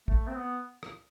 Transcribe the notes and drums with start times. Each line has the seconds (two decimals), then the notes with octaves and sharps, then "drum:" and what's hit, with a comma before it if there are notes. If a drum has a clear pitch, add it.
0.08 A3, drum: kick
0.27 C4
0.37 B3
0.83 drum: rim click